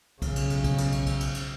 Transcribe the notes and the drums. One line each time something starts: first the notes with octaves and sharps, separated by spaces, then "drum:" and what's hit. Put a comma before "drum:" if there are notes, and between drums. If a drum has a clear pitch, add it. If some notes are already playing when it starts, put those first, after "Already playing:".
B1 C#3, drum: kick, cymbal
drum: cymbal
drum: cymbal
drum: kick, cymbal
drum: cymbal
drum: cymbal
drum: kick, cymbal
drum: cymbal
drum: cymbal